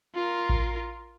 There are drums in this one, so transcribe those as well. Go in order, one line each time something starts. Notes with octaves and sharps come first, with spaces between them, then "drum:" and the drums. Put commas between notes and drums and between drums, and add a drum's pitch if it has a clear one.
F4 A#4
drum: kick A1